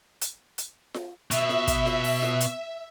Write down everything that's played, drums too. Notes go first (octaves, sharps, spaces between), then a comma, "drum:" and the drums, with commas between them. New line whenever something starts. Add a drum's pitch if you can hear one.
drum: hi-hat
drum: hi-hat
drum: snare F4
B2 E5, drum: hi-hat
drum: snare F4
drum: kick, hi-hat
drum: snare F4
drum: open hi-hat
drum: snare F4
drum: hi-hat